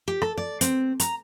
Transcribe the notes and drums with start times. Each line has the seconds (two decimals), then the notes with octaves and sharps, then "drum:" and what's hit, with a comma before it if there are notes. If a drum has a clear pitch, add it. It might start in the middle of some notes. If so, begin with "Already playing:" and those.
0.08 G4
0.22 A4, drum: rim click
0.38 D5
0.61 C4, drum: hi-hat
1.00 A#5, drum: hi-hat